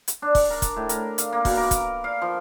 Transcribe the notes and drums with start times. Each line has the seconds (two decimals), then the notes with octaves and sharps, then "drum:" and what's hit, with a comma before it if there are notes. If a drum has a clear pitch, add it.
0.08 drum: hi-hat
0.22 D4
0.35 drum: kick, open hi-hat
0.50 A#4
0.62 drum: kick, hi-hat
0.76 A2
0.89 A#4, drum: hi-hat
1.18 F5, drum: hi-hat
1.33 A#3
1.45 B2, drum: kick, open hi-hat
1.57 A#4
1.71 drum: kick, hi-hat
1.81 A#4
2.04 F5
2.22 F3